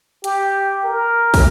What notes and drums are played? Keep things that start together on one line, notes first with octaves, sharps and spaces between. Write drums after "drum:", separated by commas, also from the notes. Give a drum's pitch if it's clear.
G4, drum: hi-hat
A#4
drum: kick, open hi-hat